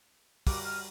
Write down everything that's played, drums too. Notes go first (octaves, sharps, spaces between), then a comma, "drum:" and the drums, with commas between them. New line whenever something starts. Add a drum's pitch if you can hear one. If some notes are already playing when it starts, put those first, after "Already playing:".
G3 F#4 A#4 D6, drum: kick, open hi-hat
F6